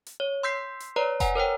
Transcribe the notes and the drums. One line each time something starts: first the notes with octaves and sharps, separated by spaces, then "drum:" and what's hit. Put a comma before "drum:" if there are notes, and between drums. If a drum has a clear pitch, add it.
drum: hi-hat
C#5
C6 E6 G6 B6 C7
drum: hi-hat
B4 C#5 D5 A#5
B4 F#5 G#5 A#5, drum: kick F1, hi-hat
A#4 C5 C#5 G5